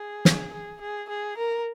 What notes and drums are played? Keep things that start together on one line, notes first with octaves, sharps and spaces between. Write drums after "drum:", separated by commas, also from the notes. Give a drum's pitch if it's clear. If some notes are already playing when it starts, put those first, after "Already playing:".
Already playing: G#4
drum: snare
G#4
G#4
G#4
A#4